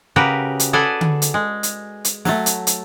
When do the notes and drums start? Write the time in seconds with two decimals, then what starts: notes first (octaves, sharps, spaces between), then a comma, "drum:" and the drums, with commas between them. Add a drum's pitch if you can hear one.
0.16 C#3 F#4 G4 A#4 B4
0.60 drum: hi-hat
0.73 G#4 A4 B4 D5 F#5 G#5
1.01 drum: tom D3
1.22 drum: hi-hat
1.34 G#3
1.63 drum: hi-hat
2.05 drum: hi-hat
2.25 F#3 A3, drum: snare
2.46 drum: hi-hat
2.67 drum: hi-hat